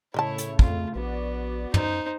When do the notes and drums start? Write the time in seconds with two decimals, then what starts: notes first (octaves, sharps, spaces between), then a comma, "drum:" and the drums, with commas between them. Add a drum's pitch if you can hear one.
0.14 A2 C#3 A3 E4 A#4 C#5 D#5 A5
0.38 drum: hi-hat
0.59 F2 F4, drum: kick
0.96 A#1 B3 F#4 D5
1.74 F#2 D#4 C5, drum: tom